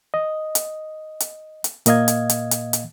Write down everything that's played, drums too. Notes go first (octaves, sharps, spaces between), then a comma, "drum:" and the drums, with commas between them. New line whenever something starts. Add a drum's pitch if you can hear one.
D#5
drum: hi-hat
drum: hi-hat
drum: hi-hat
A#2 A#3 D#5 F5 G#6, drum: hi-hat
drum: hi-hat
drum: hi-hat
drum: hi-hat
drum: hi-hat